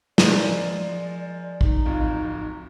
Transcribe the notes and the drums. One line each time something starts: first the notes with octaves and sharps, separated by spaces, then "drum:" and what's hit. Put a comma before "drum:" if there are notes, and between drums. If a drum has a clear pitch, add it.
F3 G#3 A#4 D5, drum: snare
D#4, drum: kick
D1 F2 F4